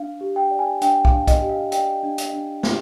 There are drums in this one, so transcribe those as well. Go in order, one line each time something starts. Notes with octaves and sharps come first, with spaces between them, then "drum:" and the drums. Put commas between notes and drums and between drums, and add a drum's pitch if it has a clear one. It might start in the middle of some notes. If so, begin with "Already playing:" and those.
Already playing: D4 F5
G4
G5
D5
G#5
D4 G5, drum: hi-hat
F5, drum: kick
D4
D#5, drum: kick, hi-hat
G4
F5
D5 G5, drum: hi-hat
D4
drum: hi-hat
D4
G4, drum: snare